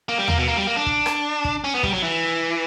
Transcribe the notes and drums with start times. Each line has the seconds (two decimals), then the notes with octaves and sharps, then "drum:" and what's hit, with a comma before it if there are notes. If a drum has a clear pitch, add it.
0.09 A#3
0.18 G3
0.28 A#3, drum: tom D#2
0.38 B2
0.48 A#3
0.57 G3
0.67 A#3
0.76 D4
0.86 drum: kick
1.06 drum: rim click
1.45 drum: kick
1.64 C#4
1.74 B3
1.83 G3, drum: kick
1.93 F#3
2.03 E3